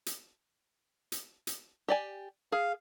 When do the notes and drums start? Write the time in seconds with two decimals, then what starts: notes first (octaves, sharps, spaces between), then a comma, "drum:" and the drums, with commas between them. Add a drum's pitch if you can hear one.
0.06 drum: hi-hat
1.12 drum: hi-hat
1.47 drum: hi-hat
1.88 G4 D5 G#5
2.52 G#4 F5